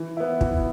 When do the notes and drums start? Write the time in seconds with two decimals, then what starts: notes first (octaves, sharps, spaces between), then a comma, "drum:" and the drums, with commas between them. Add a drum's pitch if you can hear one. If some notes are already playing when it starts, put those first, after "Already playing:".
Already playing: E3
0.17 B3 E4
0.41 E3, drum: kick